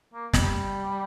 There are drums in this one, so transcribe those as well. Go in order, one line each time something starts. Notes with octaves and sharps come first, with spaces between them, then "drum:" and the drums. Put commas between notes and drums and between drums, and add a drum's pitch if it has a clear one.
A#3
G3, drum: snare